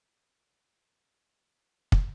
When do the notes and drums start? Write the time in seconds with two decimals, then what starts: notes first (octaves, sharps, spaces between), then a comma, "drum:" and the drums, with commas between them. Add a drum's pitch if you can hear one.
0.91 A3
1.38 D#3 A#4
1.92 drum: kick